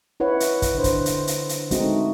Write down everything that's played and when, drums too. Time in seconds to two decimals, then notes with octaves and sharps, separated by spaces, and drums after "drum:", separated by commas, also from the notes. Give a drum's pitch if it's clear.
0.20 E4 B4 C#5 F#5
0.40 drum: hi-hat
0.62 drum: kick, hi-hat
0.74 D3 C5
0.84 drum: kick, hi-hat
1.06 drum: hi-hat
1.27 drum: hi-hat
1.49 drum: hi-hat
1.71 G#3 A3 C4 D#4 F#4, drum: hi-hat